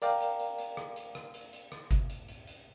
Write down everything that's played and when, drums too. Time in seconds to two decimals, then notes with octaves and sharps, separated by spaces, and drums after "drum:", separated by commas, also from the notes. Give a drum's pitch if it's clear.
0.02 A#4 D5 F5 G5 A#5, drum: hi-hat
0.21 drum: hi-hat
0.39 drum: hi-hat
0.58 drum: hi-hat
0.77 drum: rim click
0.96 drum: hi-hat
1.15 drum: rim click
1.34 drum: hi-hat
1.53 drum: hi-hat
1.72 drum: rim click
1.91 drum: kick G1, hi-hat
2.10 drum: hi-hat
2.28 drum: hi-hat
2.47 drum: hi-hat